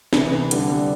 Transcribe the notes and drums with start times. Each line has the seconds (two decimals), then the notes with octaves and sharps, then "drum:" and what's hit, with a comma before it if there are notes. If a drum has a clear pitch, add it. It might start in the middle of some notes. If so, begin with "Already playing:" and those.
0.13 C3 E3, drum: snare
0.32 B3
0.51 D3 G3, drum: hi-hat
0.70 G3